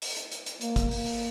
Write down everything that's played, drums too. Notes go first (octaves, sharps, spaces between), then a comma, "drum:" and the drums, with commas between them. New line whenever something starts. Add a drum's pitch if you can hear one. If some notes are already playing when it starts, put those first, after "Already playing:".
drum: open hi-hat
drum: hi-hat
drum: hi-hat
drum: hi-hat
A#3, drum: hi-hat
drum: kick, hi-hat
A#3, drum: open hi-hat
drum: open hi-hat